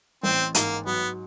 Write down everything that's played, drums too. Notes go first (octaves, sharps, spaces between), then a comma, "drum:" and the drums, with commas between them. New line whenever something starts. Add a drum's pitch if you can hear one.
A1 C4
G#2 A#3, drum: hi-hat
F#3 B3